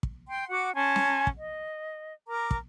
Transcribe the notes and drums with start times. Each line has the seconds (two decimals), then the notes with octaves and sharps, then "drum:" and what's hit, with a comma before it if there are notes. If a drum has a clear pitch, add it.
0.03 drum: kick
0.28 G5 C6
0.49 F#4 F#5 D6
0.74 C#4 G#5 A5 C6
0.96 drum: snare
1.27 drum: kick
1.37 D#5
2.28 A#4 A#5 D6
2.51 drum: kick